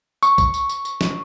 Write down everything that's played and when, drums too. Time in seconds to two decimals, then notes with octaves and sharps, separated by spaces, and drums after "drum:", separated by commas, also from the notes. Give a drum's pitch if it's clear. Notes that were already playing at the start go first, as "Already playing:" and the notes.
0.23 C#6, drum: tambourine
0.38 drum: kick, tambourine
0.54 drum: tambourine
0.69 drum: tambourine
0.85 drum: tambourine
1.01 drum: snare